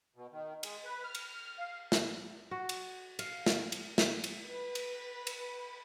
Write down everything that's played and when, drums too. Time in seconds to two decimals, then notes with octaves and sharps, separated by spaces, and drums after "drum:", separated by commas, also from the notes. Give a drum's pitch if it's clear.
0.16 B2
0.32 D#3
0.63 G#3, drum: cymbal
0.85 B4
1.04 F6
1.15 drum: cymbal
1.58 F5
1.92 drum: snare
2.51 F#4
2.69 drum: cymbal
3.19 F5, drum: cymbal
3.46 drum: snare
3.72 drum: cymbal
3.98 drum: snare
4.24 drum: cymbal
4.48 B4
4.75 drum: cymbal
5.27 drum: cymbal